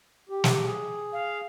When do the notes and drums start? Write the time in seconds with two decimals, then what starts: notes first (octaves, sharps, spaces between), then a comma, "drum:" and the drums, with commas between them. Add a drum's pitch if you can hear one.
0.29 G4
0.44 drum: snare
0.65 G#4
1.12 F5